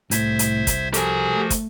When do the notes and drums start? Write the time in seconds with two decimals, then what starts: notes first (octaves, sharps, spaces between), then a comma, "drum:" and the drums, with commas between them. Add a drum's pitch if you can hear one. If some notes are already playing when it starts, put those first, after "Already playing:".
0.11 C2 A2 C5 E5 G#6, drum: hi-hat
0.39 drum: hi-hat
0.67 drum: kick, hi-hat
0.94 F3 F#4 G4 A4 A#4 G#5, drum: hi-hat
1.30 A3
1.50 drum: kick, hi-hat